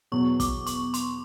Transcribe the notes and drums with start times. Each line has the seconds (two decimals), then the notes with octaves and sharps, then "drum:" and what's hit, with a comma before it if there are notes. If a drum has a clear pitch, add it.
0.12 E2 B2 F#3 C#6
0.40 D6, drum: kick, hi-hat
0.67 C#6, drum: hi-hat
0.94 C6, drum: hi-hat